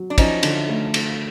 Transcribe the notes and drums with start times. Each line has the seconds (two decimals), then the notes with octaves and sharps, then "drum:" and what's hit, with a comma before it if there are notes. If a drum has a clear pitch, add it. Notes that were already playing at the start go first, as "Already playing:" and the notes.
Already playing: F#3
0.10 D4
0.18 F3 C#4 D#4, drum: kick, cymbal
0.43 D3, drum: cymbal
0.69 A3
0.94 drum: cymbal